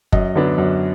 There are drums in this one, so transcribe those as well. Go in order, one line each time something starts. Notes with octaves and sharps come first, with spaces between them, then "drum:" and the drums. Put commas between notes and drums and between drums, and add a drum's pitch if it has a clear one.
F#2 D#5, drum: kick F#1
D3 F#3 B3 D4
F#2